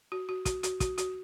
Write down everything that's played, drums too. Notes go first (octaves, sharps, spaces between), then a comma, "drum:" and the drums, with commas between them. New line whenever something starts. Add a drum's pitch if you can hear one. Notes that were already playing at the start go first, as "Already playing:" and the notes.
F#4
F#4
F#4, drum: kick, hi-hat
F#4, drum: hi-hat
F#4, drum: kick, hi-hat
F#4, drum: hi-hat